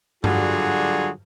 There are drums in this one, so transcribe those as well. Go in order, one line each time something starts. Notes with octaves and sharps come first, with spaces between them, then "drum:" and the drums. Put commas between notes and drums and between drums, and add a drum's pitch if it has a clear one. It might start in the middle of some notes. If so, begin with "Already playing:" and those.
D3 F#3 G3 F4 F#4 G#4, drum: tom G2